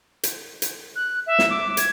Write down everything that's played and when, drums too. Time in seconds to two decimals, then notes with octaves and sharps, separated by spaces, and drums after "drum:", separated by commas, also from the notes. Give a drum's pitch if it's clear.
0.23 drum: hi-hat
0.62 drum: hi-hat
0.96 F#6
1.27 E5
1.39 drum: snare
1.50 D6
1.77 G#6, drum: hi-hat